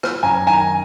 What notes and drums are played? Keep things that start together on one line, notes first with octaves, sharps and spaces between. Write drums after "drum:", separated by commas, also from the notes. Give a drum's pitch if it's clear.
drum: rim click
F#2 G#5 A#5
D#3 G#5 A#5